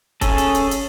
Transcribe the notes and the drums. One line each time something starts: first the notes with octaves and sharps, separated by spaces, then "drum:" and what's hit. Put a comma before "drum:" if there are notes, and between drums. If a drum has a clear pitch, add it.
C#4 G#4 A4, drum: kick, hi-hat
drum: hi-hat
drum: hi-hat
drum: hi-hat